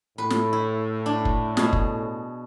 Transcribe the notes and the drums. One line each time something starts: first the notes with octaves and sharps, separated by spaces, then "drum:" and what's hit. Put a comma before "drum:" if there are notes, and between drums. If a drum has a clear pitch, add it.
A2 B4
drum: snare
E4
D4
drum: kick
B2 G#4, drum: snare
drum: kick